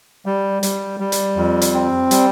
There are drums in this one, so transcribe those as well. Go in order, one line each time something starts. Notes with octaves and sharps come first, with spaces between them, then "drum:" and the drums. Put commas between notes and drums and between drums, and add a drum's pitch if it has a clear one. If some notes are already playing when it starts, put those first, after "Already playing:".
G3
G3, drum: hi-hat
G3
drum: hi-hat
F2
drum: hi-hat
C4
G3, drum: hi-hat